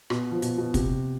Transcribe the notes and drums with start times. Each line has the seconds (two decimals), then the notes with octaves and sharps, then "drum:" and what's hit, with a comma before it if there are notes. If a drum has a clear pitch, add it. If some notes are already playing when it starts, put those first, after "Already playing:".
0.10 B2, drum: rim click
0.31 F3
0.42 B2, drum: hi-hat
0.58 B2
0.74 C3, drum: kick, hi-hat